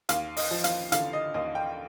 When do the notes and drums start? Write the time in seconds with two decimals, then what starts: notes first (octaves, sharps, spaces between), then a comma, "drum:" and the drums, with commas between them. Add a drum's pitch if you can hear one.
0.09 D#2 F5, drum: hi-hat
0.37 D#5, drum: open hi-hat
0.51 F3
0.64 F5, drum: hi-hat
0.92 D3 F5, drum: hi-hat
1.13 D#5
1.34 D#2 D#5
1.55 G5